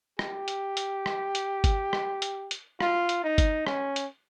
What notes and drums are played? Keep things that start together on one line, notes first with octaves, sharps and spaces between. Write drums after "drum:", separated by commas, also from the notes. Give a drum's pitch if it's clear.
G4, drum: rim click
drum: hi-hat
drum: hi-hat
drum: rim click
drum: hi-hat
drum: kick G1, hi-hat
drum: rim click
drum: hi-hat
drum: hi-hat
F4, drum: rim click
drum: hi-hat
D#4
drum: kick G1, hi-hat
C#4, drum: rim click
drum: hi-hat